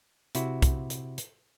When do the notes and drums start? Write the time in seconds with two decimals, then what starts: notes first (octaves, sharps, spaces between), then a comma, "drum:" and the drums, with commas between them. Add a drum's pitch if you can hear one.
0.35 C3 E4 F#4, drum: hi-hat
0.62 drum: kick, hi-hat
0.90 drum: hi-hat
1.18 drum: hi-hat